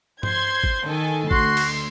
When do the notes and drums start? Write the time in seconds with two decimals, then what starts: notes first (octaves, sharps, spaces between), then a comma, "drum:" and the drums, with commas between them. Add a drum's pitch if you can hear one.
0.23 C5 C6 G#6, drum: tom G2
0.64 drum: kick G#1
0.87 D#3 A4 G#5
1.31 D2 F#4 C6, drum: kick G#1
1.57 drum: cymbal